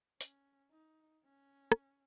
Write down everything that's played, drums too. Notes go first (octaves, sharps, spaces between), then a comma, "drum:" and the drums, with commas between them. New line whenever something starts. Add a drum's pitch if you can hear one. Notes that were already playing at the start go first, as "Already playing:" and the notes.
C#4, drum: hi-hat
D#4
C#4
drum: rim click